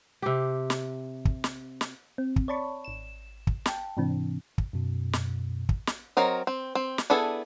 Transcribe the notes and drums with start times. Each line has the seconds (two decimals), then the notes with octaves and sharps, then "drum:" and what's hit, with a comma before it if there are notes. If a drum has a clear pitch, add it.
0.22 C3 G4
0.70 drum: snare
1.25 drum: kick
1.44 drum: snare
1.81 drum: snare
2.18 C4
2.36 drum: kick
2.48 C#5 D5 A5 B5 C#6
2.84 G#1 E7
3.47 drum: kick
3.66 G5 A5, drum: snare
3.97 G#2 C3 E3 C4 D4
4.58 drum: kick
4.73 F#2 B2
5.13 drum: snare
5.69 drum: kick
5.87 drum: snare
6.17 F#3 C4 A#4 D#5
6.47 C4
6.75 C4
6.98 drum: snare
7.10 B3 D4 E4 G#4 A4